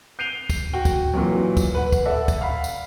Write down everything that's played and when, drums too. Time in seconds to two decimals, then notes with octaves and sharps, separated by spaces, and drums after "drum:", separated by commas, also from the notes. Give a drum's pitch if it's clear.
0.19 G6 C7 D7 D#7 F7 G7
0.50 drum: kick, tambourine
0.73 F#4 G5
0.85 drum: kick, tambourine
1.14 A#2 E3 F#3
1.57 drum: kick, tambourine
1.75 B4 F#5
1.92 drum: kick, tambourine
2.05 A4 D5 E5 F#5
2.28 drum: kick, tambourine
2.41 F5 F#5 B5
2.64 drum: tambourine